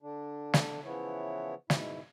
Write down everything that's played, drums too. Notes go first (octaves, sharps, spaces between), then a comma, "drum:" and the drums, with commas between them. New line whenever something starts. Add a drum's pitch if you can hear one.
D3 D4
drum: snare
C#3 E3 F3 B3 E4 C#5
G#2 B2 E4, drum: snare